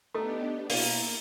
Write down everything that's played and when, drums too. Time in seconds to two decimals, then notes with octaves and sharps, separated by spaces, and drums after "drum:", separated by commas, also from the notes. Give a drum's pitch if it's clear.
0.14 A3 B3 D4 D#4 G4
0.70 B2 A#3 E4, drum: open hi-hat